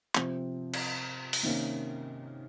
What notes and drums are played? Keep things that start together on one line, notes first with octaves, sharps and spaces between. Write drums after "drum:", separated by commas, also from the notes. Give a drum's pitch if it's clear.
C3 F3 C4, drum: clap
drum: cymbal
drum: open hi-hat
C3 D#3 A#3 C#4